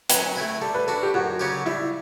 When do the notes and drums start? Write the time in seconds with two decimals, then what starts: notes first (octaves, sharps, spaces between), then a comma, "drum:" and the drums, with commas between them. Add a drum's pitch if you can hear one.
0.09 F#3 B4, drum: hi-hat
0.35 A3 E4 B4
0.61 G3 A4
0.74 B4
0.87 D4 F#4 A4
1.03 G4
1.14 F#2 F#4
1.40 C#3 F#3 C#4 G4
1.66 G3 E4